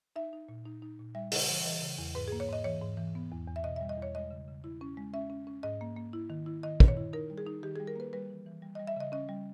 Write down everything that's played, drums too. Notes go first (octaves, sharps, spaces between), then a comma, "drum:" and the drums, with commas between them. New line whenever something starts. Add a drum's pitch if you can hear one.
D#4 E5
D#4
A#2
D#4
D#4
A#2
G3 E5
C#3, drum: open hi-hat
E3
E3 D#5
C#3
E2
G#2 B4
G#4
A#3
C#5
G#2 D#5
E3 C#5
G#2
E3
B3
E2
E2
E5
B2 D#5
E5
G3
D#5
E2 C#5
G#3 D#5
C#3
C#3
E4
C#4
G#3
C#4 E5
C#4
C#4
G#2 D#5
A#3
A#3
E4
D#3
E4
D#3 D#5
D#3, drum: kick
C#5
E4
D#4 A#4
G3
G#4
D#4
D#3 G4
G#4
G3
A#4
A#3 B4
G3 B4
E3
E3
G3
D#5
G3
E5
C#3 D#5
C#4 D#5
G3